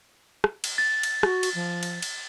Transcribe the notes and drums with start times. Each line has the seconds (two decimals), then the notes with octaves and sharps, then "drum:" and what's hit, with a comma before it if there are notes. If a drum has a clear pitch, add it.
0.44 drum: rim click
0.64 drum: cymbal
0.78 A6
1.03 drum: cymbal
1.23 F#4, drum: rim click
1.43 drum: cymbal
1.55 F3
1.83 drum: cymbal
2.02 drum: cymbal